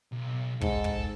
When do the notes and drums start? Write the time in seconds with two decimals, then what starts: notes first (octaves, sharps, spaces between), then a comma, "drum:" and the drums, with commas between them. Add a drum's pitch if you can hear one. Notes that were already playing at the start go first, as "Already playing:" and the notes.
0.12 B1
0.61 G#2 A4, drum: kick
0.84 drum: kick